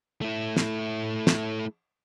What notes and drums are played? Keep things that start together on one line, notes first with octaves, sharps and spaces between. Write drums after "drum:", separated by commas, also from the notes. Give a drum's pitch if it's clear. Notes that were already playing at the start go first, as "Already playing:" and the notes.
A3 E4
drum: snare
drum: snare